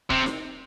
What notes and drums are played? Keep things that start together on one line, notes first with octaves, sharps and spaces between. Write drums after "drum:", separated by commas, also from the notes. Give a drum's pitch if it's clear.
C3, drum: kick
drum: snare D#4